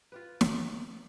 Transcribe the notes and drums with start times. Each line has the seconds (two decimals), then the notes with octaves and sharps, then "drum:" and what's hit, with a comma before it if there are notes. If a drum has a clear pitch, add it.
0.12 F4 G4 B4
0.41 drum: snare